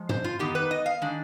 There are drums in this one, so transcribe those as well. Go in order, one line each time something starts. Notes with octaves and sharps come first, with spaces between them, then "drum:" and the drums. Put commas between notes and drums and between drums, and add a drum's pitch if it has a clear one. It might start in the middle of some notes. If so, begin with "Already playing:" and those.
Already playing: F3 G#3
C5, drum: tom
F4
D#3 B3 D#4 G4
B4
D#5
F5
D#3 G#3 D4